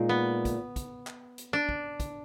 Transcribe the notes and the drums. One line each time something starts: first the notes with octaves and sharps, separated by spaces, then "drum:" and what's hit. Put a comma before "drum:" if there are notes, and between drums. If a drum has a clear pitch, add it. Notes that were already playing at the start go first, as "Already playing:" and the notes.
Already playing: A#2 G#3 D#4
B3
drum: kick, hi-hat
drum: kick, hi-hat
drum: clap
drum: hi-hat
D4
drum: kick
drum: kick, hi-hat